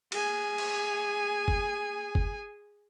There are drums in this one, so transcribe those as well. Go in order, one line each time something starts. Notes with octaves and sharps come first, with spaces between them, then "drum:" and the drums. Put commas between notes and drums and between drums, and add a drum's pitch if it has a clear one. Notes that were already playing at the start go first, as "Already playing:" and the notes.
G#4 G#5, drum: cymbal
drum: cymbal
drum: kick F#1
drum: kick F#1